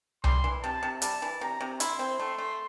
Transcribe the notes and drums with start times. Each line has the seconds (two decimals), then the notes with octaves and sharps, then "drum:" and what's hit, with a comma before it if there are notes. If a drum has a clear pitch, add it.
0.24 G3 C6, drum: tom C2
0.44 E3
0.63 C3 A5
0.83 C3
1.02 G3 A5, drum: hi-hat
1.22 E3
1.41 C3 A#5
1.61 C3
1.80 E4 C6, drum: hi-hat
1.99 C4
2.20 A3
2.38 A3